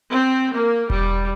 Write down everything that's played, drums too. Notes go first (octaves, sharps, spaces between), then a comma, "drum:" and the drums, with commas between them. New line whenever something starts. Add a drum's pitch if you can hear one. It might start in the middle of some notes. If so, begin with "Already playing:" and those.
C4
A#3
G3, drum: kick E1